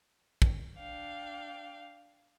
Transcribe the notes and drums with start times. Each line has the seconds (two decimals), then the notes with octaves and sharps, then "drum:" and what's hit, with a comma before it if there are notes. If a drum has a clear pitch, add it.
0.42 drum: kick
0.78 D4 F5 G5